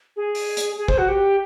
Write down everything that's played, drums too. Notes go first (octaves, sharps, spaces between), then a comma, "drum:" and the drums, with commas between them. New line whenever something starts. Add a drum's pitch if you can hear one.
G#4
drum: open hi-hat
drum: hi-hat
G#4
C5, drum: kick
F#4
G4